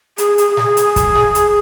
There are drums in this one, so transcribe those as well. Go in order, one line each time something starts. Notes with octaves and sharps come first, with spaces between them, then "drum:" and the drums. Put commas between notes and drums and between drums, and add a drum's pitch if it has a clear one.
G#4, drum: hi-hat
G#4, drum: hi-hat
G#4, drum: snare
drum: hi-hat
drum: kick, hi-hat
drum: snare
drum: hi-hat